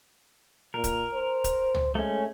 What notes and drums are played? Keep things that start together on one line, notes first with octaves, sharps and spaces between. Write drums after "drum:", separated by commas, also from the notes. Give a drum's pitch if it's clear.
A#2 A#4
drum: kick C#1, hi-hat
C5
drum: kick C#1, hi-hat
drum: tom
G#3 A3 C#4